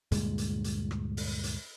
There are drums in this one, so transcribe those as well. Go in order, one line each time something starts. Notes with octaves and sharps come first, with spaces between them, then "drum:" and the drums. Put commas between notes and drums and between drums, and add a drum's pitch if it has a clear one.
D2 G2 A#2 G#3, drum: hi-hat
drum: hi-hat
drum: hi-hat
drum: rim click
drum: open hi-hat
drum: hi-hat